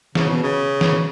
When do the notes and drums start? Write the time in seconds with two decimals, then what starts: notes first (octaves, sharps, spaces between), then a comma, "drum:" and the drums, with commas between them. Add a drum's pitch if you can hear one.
0.15 C#3, drum: snare
0.29 B2
0.43 C#3
0.81 drum: snare